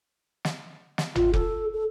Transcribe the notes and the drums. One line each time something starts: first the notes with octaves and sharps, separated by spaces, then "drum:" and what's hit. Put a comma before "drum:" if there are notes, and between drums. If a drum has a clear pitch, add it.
drum: snare
drum: snare
F4, drum: tom
A4, drum: kick F1
A4